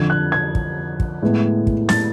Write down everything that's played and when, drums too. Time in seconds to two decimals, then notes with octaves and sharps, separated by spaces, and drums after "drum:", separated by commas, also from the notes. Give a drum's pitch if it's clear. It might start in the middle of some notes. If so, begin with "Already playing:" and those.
Already playing: F2 D3 F3 G#6
0.10 F#6
0.32 G#6
0.55 drum: kick
1.00 drum: kick
1.22 A2 G#3 B3
1.67 drum: kick
1.89 A6, drum: snare